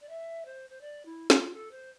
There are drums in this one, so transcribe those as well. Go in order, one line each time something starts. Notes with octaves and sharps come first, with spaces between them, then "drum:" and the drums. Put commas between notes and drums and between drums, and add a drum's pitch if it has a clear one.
D5
E5
C5
C5
D5
E4
F4, drum: snare
A4
C5